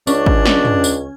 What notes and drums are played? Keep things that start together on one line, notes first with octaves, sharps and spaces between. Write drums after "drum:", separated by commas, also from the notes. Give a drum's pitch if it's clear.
C#2 C#4 D4, drum: tambourine
drum: kick G#1
drum: snare
drum: tom
drum: tambourine